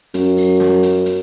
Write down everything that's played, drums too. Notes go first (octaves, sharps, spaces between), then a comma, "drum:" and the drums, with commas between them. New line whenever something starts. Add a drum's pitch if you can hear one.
F#2, drum: hi-hat
drum: open hi-hat
drum: snare
drum: hi-hat
drum: hi-hat